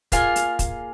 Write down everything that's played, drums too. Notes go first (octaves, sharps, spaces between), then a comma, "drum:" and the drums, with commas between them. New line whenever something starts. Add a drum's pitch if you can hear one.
A#3 F4 G#4 F5 G#5, drum: kick, hi-hat
drum: hi-hat
drum: kick, hi-hat